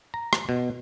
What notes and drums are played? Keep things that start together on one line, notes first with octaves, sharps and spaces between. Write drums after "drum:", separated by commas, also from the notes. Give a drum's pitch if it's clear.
A#5
drum: rim click
B2